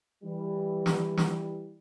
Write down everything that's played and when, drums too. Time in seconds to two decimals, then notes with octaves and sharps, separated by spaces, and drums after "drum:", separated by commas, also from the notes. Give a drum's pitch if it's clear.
0.22 E3 G3
0.86 drum: snare
1.17 drum: snare